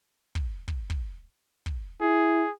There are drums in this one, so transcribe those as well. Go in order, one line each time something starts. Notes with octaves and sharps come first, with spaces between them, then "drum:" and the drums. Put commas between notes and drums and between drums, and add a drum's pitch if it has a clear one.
drum: kick
drum: kick
drum: kick
drum: kick
E4 G#4